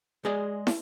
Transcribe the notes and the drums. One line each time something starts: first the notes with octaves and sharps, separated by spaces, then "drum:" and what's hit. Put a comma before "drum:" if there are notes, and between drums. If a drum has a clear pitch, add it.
G#3 G#4 D5 D#5
drum: snare